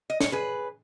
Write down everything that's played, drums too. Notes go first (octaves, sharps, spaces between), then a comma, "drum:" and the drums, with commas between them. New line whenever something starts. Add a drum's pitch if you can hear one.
D#5
C#5, drum: snare
G#4 B4